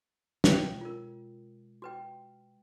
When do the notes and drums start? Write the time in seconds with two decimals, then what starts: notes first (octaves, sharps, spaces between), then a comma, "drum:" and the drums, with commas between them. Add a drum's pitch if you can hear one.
0.44 B2 G#3 F4 C#5 G5, drum: snare
0.81 F4 A#4
1.82 F#4 B4 G5